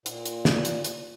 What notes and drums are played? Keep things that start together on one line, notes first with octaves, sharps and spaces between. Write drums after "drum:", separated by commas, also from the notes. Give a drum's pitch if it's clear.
A#2, drum: hi-hat
drum: hi-hat
drum: snare
drum: hi-hat
drum: hi-hat